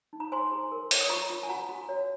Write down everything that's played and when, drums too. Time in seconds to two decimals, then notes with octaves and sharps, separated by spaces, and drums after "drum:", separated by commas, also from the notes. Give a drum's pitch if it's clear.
0.13 D#4
0.20 A#5
0.32 C5 G#5 C6
0.52 G#4
0.72 A#4
0.91 C#5, drum: open hi-hat
1.00 D#6
1.09 F4 A#5 C#6
1.30 F4
1.43 G#5
1.49 F#4 F#5 A#5
1.69 F#4
1.89 C#5